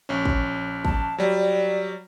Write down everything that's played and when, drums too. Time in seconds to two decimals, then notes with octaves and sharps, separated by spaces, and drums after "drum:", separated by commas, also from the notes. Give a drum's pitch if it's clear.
0.09 A#1 C#4
0.25 drum: kick
0.85 A5, drum: kick
1.18 F#3 G3 D5